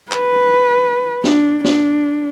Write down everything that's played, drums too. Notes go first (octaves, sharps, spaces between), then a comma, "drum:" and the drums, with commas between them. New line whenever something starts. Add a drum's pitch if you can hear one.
B4, drum: clap
D4, drum: snare
D4, drum: snare